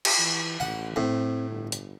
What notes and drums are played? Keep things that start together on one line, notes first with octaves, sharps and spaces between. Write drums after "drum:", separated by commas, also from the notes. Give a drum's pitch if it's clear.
drum: cymbal
E3
A1 F#5
A2 C4
G1
drum: hi-hat